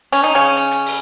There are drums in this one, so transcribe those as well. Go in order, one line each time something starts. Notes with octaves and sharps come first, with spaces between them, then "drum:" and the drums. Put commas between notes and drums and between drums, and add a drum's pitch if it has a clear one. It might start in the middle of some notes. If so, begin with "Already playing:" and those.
C#4, drum: hi-hat
D#4
C#3 C#4
drum: hi-hat
drum: hi-hat
drum: open hi-hat